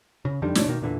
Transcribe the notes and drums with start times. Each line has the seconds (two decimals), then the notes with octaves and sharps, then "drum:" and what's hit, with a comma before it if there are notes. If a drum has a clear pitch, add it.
0.25 C#3
0.42 F2 D3 D#3 G3
0.55 F1 G#2 C#4 D4, drum: snare
0.68 B2 D#3 A#3
0.82 E2 A#2 D3 E3